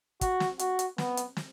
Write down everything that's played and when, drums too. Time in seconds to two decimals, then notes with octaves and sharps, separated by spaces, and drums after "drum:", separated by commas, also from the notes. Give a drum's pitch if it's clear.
0.21 F#4, drum: kick, hi-hat
0.40 drum: snare
0.59 F#4, drum: hi-hat
0.79 drum: hi-hat
0.98 B3, drum: snare
1.17 drum: hi-hat
1.37 drum: snare